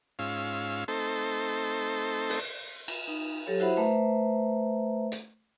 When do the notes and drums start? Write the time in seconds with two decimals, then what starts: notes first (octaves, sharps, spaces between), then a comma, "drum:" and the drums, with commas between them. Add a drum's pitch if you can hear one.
0.19 G#2 C#4 F4 F5 E6
0.88 A3 C4 D#4 A4 C5
2.30 drum: open hi-hat
2.88 drum: cymbal
3.08 D#4
3.47 F#3 G4 A4 C#5
3.60 E4 F#4 C5 E5 F#5 B5
3.77 A3 B4 C5 E5 A#5
5.12 drum: hi-hat